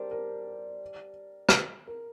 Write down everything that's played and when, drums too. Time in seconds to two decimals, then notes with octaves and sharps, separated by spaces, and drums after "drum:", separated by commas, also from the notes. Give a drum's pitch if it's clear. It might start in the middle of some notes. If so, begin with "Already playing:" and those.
Already playing: G3 D4 A#4 C5
0.11 A#4
1.49 drum: rim click
1.87 A#4